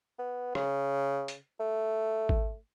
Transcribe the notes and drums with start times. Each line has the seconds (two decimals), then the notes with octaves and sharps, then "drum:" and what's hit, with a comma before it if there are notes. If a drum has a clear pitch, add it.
0.19 B3
0.55 C#3, drum: rim click
1.28 drum: hi-hat
1.60 A3
2.29 drum: kick G#1